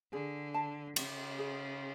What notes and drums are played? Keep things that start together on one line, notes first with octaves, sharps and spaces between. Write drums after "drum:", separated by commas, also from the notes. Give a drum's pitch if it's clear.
D3 G#4
A5
C#3 C#5, drum: cymbal
G#4